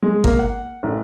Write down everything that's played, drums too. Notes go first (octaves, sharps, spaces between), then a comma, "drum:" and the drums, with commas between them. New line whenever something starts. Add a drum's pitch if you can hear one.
G#3
A#3, drum: kick
F#5
A1